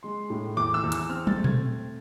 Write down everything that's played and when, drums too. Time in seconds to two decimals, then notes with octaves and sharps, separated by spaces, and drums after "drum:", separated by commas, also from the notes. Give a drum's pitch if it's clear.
0.03 G#3 C6
0.30 A2
0.57 E2 D6
0.74 E6
0.83 E2
0.92 E6, drum: hi-hat
1.09 C4 F6
1.27 A6, drum: tom
1.36 A3
1.44 G#6, drum: tom A#2
1.63 C4